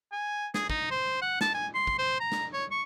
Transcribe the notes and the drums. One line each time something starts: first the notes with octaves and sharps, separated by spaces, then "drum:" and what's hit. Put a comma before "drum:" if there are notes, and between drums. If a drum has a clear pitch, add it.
G#5
G#4, drum: snare
D#4, drum: kick
C5
F#5
A5, drum: snare
G#5
C6
drum: kick
C5
A#5
drum: snare
C#5
C#6